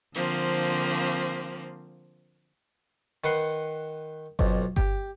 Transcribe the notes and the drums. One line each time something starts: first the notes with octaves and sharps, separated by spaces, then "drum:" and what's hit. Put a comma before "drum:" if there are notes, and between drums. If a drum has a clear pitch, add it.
D3 F3 A#3 C4, drum: open hi-hat
drum: hi-hat
D#3 B4 F#5 C6
B1 F2, drum: kick G1
G4, drum: kick G1